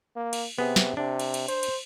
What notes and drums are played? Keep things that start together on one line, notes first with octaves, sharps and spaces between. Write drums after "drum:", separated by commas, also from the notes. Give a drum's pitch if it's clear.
A#3
drum: cymbal
C3 B3 G#4
drum: snare
C3 D4
drum: cymbal
drum: cymbal
C5, drum: cymbal
drum: cymbal